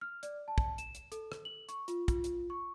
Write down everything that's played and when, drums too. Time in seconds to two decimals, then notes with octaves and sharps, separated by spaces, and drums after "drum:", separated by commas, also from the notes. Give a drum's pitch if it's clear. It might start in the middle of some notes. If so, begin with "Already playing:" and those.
0.01 F6
0.23 D5, drum: hi-hat
0.48 A5
0.58 drum: kick
0.78 E7, drum: hi-hat
0.95 drum: hi-hat
1.12 A4, drum: hi-hat
1.32 drum: rim click
1.45 F#7
1.69 C#6, drum: hi-hat
1.88 F4, drum: hi-hat
2.08 F4, drum: kick, hi-hat
2.24 drum: hi-hat
2.50 C#6